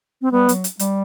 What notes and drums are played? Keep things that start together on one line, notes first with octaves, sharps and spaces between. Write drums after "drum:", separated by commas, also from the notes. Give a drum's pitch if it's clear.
C4
G3 B3
F#3, drum: hi-hat
drum: hi-hat
G3, drum: hi-hat